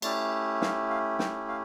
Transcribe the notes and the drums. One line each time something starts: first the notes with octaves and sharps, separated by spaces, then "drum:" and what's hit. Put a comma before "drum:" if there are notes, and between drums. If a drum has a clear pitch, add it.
A3 C#4 E4 G4 D5, drum: cymbal
F5, drum: snare
F5
G5, drum: snare
F5